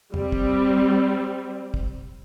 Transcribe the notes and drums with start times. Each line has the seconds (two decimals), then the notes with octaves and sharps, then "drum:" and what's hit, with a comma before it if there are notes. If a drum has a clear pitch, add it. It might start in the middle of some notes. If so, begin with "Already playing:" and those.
0.14 G3 C4, drum: tom E2
0.32 drum: kick
1.74 drum: kick